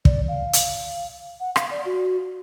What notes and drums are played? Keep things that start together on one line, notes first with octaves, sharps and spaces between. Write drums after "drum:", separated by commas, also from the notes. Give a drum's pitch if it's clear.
D5, drum: kick
F5
drum: hi-hat
F#5
F5, drum: rim click
D5
F#4